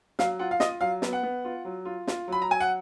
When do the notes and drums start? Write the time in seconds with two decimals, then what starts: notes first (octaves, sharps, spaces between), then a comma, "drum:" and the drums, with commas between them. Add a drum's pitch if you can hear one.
0.19 F#3 F5, drum: snare
0.39 F4 F#5
0.51 F5
0.60 F4 D#5, drum: snare
0.81 F#3 F5
1.02 B3, drum: snare
1.13 F#5
1.23 B3
1.45 F4
1.65 F#3
1.85 F4
2.07 F4, drum: snare
2.28 F#3 B5
2.42 A#5
2.49 F#3 G#5
2.60 F#5